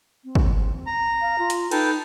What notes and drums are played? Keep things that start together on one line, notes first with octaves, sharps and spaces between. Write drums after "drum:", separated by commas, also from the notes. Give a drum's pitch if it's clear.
C4
drum: kick
A#5
F5
F4
drum: hi-hat
D#4 A4 B4 G5, drum: cymbal